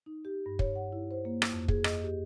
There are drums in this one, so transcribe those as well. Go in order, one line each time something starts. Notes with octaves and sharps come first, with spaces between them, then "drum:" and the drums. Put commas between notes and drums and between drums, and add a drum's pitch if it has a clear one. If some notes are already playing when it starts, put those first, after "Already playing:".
D#4
G4
G2
C#5, drum: kick
F#5
E4
C5
A#3
drum: rim click
F2
G#4, drum: kick
D#5, drum: rim click
G4